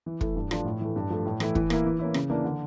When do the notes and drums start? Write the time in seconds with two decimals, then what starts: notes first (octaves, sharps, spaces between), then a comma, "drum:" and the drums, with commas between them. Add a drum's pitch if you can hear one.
0.06 E3
0.21 A3 E4, drum: kick
0.36 G2
0.51 F3 A3 D4 F4, drum: rim click
0.65 A2
0.81 E3 A3
0.96 G2
1.10 F3 A3
1.26 A2
1.40 E3 A3 E4, drum: rim click
1.55 E3, drum: kick
1.70 A#3 E4, drum: rim click
1.86 E3
1.99 A#3 C#4 E4
2.14 C#3, drum: rim click
2.30 E3 A#3 D4
2.44 D3